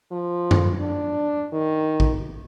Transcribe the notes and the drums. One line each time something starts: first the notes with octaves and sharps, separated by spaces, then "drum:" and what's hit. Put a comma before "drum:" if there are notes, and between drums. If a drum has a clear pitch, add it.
F3
drum: tom F#2
D4
D#3
drum: kick A#1